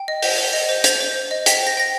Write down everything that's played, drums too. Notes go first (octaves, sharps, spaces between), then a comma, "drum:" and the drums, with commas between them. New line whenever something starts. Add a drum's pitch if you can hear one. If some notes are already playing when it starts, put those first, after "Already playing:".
Already playing: G5
D#5
C5, drum: open hi-hat
C5
D#5
C5
C5, drum: hi-hat
C5
C5
D#5
G5 B6, drum: hi-hat
C5 A#6
G5 A#6